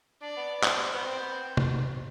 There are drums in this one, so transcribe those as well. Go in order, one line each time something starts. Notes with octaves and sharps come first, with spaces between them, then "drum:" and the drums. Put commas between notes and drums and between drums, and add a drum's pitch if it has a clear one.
D4 D5
B3
B3
C4, drum: clap
B3 C5
B3
C4
B3
C4
drum: tom